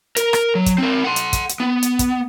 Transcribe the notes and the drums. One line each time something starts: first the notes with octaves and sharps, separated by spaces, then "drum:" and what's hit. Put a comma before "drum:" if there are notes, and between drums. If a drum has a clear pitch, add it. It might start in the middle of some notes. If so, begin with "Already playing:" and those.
A#4, drum: hi-hat
drum: rim click
F#3
drum: kick, hi-hat
C4 A#4
F#5 C6
drum: hi-hat
drum: kick, hi-hat
drum: hi-hat
B3
drum: hi-hat
drum: kick, hi-hat